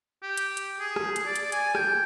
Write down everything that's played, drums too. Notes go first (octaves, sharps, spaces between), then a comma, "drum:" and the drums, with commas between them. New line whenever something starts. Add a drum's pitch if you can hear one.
G4
drum: hi-hat
drum: hi-hat
G#4
drum: rim click
drum: hi-hat
D5
drum: hi-hat
G#5, drum: hi-hat
G5, drum: rim click